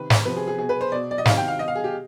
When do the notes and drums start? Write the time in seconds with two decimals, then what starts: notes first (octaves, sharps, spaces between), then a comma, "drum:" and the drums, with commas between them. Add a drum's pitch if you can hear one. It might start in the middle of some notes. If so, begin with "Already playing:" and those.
Already playing: C3 D#3 B4
0.10 drum: snare
0.25 C3 F3 B4
0.37 G#4
0.47 G#4
0.59 B2 G#4
0.69 B4
0.81 C5
0.92 B2 D5
1.11 D5
1.18 D#5
1.25 C3 D#3 F5, drum: snare
1.37 G5
1.48 F5
1.59 B2 D#5
1.68 F5
1.75 G#4
1.84 G4